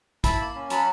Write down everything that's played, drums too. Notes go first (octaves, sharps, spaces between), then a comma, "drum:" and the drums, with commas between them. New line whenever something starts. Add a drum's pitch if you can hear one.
E4 A5 B5, drum: kick, hi-hat
A#3
C#4
F#3 A5 B5, drum: hi-hat